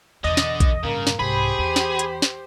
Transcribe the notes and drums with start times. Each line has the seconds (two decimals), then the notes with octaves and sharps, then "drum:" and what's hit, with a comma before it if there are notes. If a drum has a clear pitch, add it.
0.24 E1 E2 D3 D#5
0.37 drum: snare
0.60 drum: kick A#1, hi-hat
0.84 A1 G2 C#3 A#3
1.07 drum: snare
1.19 C2 G#2 G4 G#4 C5 B5
1.59 E2
1.76 drum: snare
1.99 drum: hi-hat
2.22 drum: snare